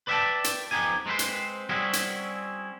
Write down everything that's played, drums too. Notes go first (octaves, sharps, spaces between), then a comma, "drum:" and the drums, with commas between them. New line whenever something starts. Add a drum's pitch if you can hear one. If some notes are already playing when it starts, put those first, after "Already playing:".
B4 D5 E5 F#5 G5 A5
drum: hi-hat
F2 B3 D#4 G4 G#5
G#3 C4 E4 B4 C5
drum: hi-hat
G3 C4 C#4 E4 F#4 G#4
drum: hi-hat